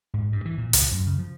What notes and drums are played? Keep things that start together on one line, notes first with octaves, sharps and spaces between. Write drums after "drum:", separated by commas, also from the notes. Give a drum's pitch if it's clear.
G#2
G2
E3
A#2
C#2, drum: hi-hat
F#2
C#3
F3